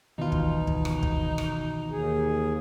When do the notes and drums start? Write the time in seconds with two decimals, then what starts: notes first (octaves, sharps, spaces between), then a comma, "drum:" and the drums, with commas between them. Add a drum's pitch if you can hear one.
0.18 B2 D#3 E3 D#4 F4 D#5
0.32 drum: kick
0.67 drum: kick
0.85 drum: rim click
1.03 drum: kick
1.38 drum: rim click
1.91 D#2 G#4